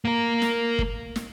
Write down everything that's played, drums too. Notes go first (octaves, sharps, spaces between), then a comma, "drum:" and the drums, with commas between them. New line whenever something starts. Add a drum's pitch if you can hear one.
A#3 A#4
drum: snare
drum: kick G1
drum: snare